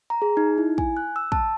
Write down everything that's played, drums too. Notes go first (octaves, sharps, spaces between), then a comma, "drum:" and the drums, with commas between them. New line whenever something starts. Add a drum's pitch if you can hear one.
A#5
G#4
D#4
E4
G#5, drum: kick
F#6
E6
A5, drum: kick